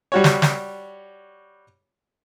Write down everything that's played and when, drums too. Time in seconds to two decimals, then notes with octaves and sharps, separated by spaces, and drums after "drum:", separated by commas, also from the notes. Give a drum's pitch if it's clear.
0.12 G3 F#4 C#5
0.24 drum: snare
0.42 drum: snare